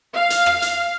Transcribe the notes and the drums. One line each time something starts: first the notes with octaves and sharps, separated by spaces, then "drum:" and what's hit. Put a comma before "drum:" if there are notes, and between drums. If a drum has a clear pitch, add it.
F5
drum: hi-hat
drum: rim click
drum: hi-hat